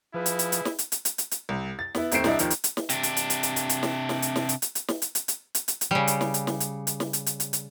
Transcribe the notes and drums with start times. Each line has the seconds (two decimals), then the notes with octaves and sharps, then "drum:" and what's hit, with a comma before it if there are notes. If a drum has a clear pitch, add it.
0.14 F3 E4 G#4 B4
0.26 drum: hi-hat
0.39 drum: hi-hat
0.52 drum: hi-hat
0.65 drum: snare
0.79 drum: hi-hat
0.92 drum: hi-hat
1.05 drum: hi-hat
1.18 drum: hi-hat
1.31 drum: hi-hat
1.49 C2
1.79 A6
1.95 B3 E4, drum: snare
2.12 D#2 A3 C4 C7 D7, drum: hi-hat
2.24 C2 D4 E4 D#5, drum: snare
2.39 D#2 D#3 F3, drum: hi-hat
2.50 drum: hi-hat
2.64 drum: hi-hat
2.77 drum: snare
2.89 C3 D4, drum: hi-hat
3.03 drum: hi-hat
3.17 drum: hi-hat
3.30 drum: hi-hat
3.43 drum: hi-hat
3.56 drum: hi-hat
3.69 drum: hi-hat
3.83 drum: snare
4.09 drum: snare
4.22 drum: hi-hat
4.36 drum: snare
4.49 drum: hi-hat
4.62 drum: hi-hat
4.75 drum: hi-hat
4.88 drum: snare
5.02 drum: hi-hat
5.15 drum: hi-hat
5.28 drum: hi-hat
5.55 drum: hi-hat
5.68 drum: hi-hat
5.81 drum: hi-hat
5.91 C#3 G3
6.07 drum: hi-hat
6.21 drum: snare
6.34 drum: hi-hat
6.47 drum: snare
6.60 drum: hi-hat
6.87 drum: hi-hat
7.00 drum: snare
7.13 drum: hi-hat
7.26 drum: hi-hat
7.40 drum: hi-hat
7.53 drum: hi-hat